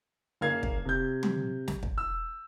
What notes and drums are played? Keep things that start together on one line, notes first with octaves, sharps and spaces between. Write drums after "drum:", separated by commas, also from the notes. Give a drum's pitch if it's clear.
F#1 A#3 F5 G#6
drum: kick
C3 G6
drum: tom
drum: snare
drum: kick
E6